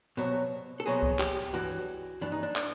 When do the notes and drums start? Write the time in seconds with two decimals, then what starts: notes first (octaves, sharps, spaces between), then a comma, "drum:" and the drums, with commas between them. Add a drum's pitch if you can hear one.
0.17 C2 B2 F#3
0.80 A4
0.86 C2 B2 F#3 G#4
1.03 drum: kick C2
1.19 G4, drum: clap
1.53 G2 E3 F#4
2.21 G2 E3 D4
2.32 D#4
2.43 D4
2.56 drum: clap